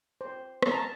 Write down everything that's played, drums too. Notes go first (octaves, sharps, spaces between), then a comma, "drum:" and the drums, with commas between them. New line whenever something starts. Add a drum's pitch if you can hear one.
C5
drum: rim click
A5 A#5